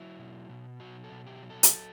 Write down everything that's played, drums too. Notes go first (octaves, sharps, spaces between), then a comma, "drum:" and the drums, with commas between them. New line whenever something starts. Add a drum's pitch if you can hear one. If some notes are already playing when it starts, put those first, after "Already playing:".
Already playing: F#3 E4
B2
B2
F#3 F#4
A4
B2
G4
F#3
A4
drum: hi-hat